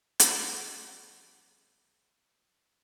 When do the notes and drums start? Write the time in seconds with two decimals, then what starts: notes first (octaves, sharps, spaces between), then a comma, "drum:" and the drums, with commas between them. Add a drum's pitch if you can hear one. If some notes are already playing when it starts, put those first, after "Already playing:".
0.20 F3 G3 A3 B3 D#4 E4, drum: hi-hat